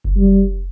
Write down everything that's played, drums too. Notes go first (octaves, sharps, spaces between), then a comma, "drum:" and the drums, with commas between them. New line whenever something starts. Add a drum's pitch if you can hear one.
drum: kick F#1
G3